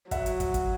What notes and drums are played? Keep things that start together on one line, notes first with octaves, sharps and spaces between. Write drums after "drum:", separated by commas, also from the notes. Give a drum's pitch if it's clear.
F#3 E5 F#5, drum: kick, hi-hat
drum: hi-hat
drum: kick, hi-hat
drum: kick, hi-hat